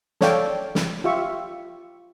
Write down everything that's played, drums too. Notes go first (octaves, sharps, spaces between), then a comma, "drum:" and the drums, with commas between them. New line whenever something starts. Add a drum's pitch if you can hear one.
A4 C#5 D5 F5 G5, drum: snare
drum: snare
F4 G4 E5 C#6